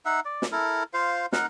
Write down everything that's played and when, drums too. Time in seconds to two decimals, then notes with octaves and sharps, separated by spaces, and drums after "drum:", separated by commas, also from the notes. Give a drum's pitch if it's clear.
0.05 D#4 E5 F#5
0.25 D5
0.42 drum: snare
0.52 E4 A4 A#4
0.94 F4 C5 F5
1.32 D#4 A#4 F#5, drum: snare